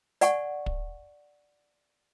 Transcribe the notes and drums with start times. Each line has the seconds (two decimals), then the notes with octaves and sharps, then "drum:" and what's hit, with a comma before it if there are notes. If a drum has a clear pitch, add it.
0.21 D5 F#5 G#5 C#6, drum: hi-hat
0.66 drum: kick